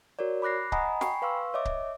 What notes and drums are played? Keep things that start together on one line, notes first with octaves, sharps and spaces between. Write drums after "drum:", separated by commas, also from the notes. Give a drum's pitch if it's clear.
F#4 A#4 C#5 D5
B5 D6 F#6 A#6 C7
D#5 F#5 G#5 A#5 B5 D#6, drum: kick C#1
G5 G#5 B5 C#6 C7, drum: snare
B4 F5 C6 C#6 E6
C#5 D#5 E5 D6
drum: kick C#1